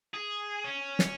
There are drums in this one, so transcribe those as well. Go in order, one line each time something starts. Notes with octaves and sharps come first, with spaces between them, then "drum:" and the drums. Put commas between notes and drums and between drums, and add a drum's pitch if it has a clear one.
G#4
C#4
drum: snare